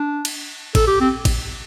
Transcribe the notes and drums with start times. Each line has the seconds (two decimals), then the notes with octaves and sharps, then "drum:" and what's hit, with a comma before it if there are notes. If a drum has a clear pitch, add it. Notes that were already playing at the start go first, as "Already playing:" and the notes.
Already playing: D4
0.25 drum: cymbal
0.75 A4, drum: kick, cymbal
0.87 G4
1.00 C4
1.25 drum: kick, cymbal